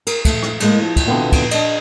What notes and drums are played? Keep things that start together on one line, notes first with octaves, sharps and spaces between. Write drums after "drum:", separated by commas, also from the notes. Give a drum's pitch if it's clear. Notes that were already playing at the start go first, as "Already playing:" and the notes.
A#4, drum: cymbal
A3, drum: kick, cymbal
drum: rim click
A2 G#3 A#3, drum: cymbal
F3
drum: kick, cymbal
B2 D3 E3 B3 C4 F4
drum: kick, cymbal
D4 D#5, drum: cymbal